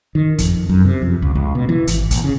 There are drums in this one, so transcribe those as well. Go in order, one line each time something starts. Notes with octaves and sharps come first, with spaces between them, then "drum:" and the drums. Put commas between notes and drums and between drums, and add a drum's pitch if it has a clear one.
D#3
F2, drum: kick, hi-hat
F#2
C3
F2
C#2
C#2
B2
E3
G#1, drum: hi-hat
A#1, drum: hi-hat
C#3